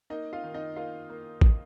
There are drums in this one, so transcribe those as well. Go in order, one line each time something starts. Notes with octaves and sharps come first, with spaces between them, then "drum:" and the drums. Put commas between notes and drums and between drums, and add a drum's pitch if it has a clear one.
A#3 D#4 D#5
F4 F5
D#3
D#4 D#5
A#3 F4 F5
A#3
drum: kick A1